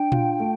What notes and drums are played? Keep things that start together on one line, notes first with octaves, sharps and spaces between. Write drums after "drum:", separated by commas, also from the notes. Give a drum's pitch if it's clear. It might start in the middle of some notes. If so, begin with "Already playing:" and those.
Already playing: D4 G5
F4, drum: tom A#2
A3